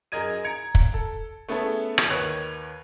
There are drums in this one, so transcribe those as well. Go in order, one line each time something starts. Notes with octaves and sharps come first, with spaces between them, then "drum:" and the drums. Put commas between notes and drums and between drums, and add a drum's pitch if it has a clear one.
F#2 G#4 A#4 D#5 G#6 D#7
A#5 G#6 C#7 D7
drum: kick
A4
A3 B3 C#4 E4 G#4 A4
drum: rim click
D#2 D#3 B4 C#5 F#6 G#6